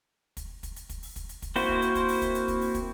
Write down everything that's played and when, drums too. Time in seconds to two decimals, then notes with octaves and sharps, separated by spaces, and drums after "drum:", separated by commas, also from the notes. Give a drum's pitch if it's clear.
0.37 drum: kick, hi-hat
0.63 drum: kick, hi-hat
0.76 drum: hi-hat
0.89 drum: kick, hi-hat
1.03 drum: open hi-hat
1.16 drum: kick, hi-hat
1.29 drum: hi-hat
1.42 drum: kick, hi-hat
1.56 A#3 C4 E4 F#4 C5, drum: open hi-hat
1.69 drum: kick
1.82 drum: hi-hat
1.95 drum: kick, hi-hat
2.08 drum: open hi-hat
2.22 drum: kick, hi-hat
2.35 drum: hi-hat
2.48 drum: kick, hi-hat
2.61 drum: open hi-hat
2.75 drum: kick, hi-hat